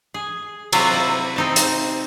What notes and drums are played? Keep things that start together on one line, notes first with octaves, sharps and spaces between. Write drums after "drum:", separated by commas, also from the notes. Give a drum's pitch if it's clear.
G#4
C3 F#3 E4 F4, drum: cymbal
E4
C4 D#4 A5
drum: hi-hat